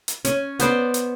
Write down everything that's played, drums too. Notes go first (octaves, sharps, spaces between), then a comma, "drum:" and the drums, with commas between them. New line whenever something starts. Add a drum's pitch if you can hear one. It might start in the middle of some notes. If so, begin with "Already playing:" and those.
drum: hi-hat
C#4, drum: hi-hat
B3 C5 D5, drum: hi-hat
drum: hi-hat